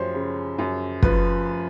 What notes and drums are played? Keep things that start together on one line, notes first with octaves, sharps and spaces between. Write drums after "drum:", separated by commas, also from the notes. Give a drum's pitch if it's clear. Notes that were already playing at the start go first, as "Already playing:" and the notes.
Already playing: F#2 F3 G4 C5 C#5
C#3
F#2
F3 B4, drum: kick